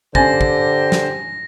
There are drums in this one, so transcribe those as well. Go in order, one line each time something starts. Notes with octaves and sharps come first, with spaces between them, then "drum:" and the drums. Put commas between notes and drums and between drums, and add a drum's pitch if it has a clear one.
D3 G4 C5 G#5 A6 A#6, drum: kick
drum: kick
drum: snare